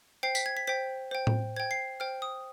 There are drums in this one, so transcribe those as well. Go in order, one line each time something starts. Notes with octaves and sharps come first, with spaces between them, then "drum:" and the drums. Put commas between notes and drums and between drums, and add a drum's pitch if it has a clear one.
C5 G5 C7
B6, drum: tambourine
G#6
B6
C5 G5 B6
C5 G5
drum: tom A2
C5 G5 G#6
C7
C5 G5 F6
D#6